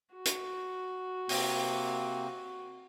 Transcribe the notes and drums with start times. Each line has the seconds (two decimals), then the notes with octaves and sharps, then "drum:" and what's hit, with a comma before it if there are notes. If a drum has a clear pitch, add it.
0.14 F#4
0.25 drum: hi-hat
1.29 C3 A#3 C4, drum: open hi-hat